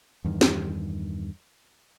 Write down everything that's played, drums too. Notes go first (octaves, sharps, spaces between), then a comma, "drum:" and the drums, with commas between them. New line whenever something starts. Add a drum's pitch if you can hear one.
E2 G2 D#3
drum: snare